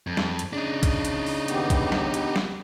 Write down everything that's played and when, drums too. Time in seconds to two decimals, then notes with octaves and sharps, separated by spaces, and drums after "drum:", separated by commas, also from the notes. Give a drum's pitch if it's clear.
0.07 F2
0.17 drum: snare
0.39 drum: hi-hat
0.53 C#3 D4 D#4
0.83 drum: kick, hi-hat
1.05 drum: hi-hat
1.26 drum: open hi-hat
1.48 D#2 B3 G4, drum: hi-hat
1.70 drum: kick, hi-hat
1.92 drum: snare
2.14 drum: hi-hat
2.36 drum: snare